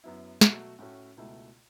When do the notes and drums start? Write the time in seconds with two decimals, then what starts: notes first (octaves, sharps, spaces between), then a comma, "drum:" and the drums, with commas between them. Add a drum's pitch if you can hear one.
0.04 F#2 F#3 B3 E4
0.41 B2 F#3 A3 F#4, drum: snare
0.79 A2 A3 C#4 F#4
1.17 C#2 B2 A3 E4